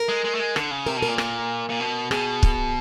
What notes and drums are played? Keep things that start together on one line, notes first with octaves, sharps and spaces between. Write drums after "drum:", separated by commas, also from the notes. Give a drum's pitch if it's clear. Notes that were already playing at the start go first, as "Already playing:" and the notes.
Already playing: A#4
G#3
G#3
A3
G#3
D3, drum: rim click
C#3
C3 A#4
B2
A#4
A#2
A#4, drum: rim click
A#2
B2
B2 G#4, drum: rim click
drum: kick